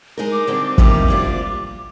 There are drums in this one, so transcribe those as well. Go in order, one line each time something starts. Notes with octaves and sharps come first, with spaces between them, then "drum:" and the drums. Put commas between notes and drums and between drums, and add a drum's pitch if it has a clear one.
G#3 D#4 A#4
D6
D3 G3 C4 D#4
F2 C3 G3 A#3 D#4 D6, drum: kick
D2 C3 G3 D4 F4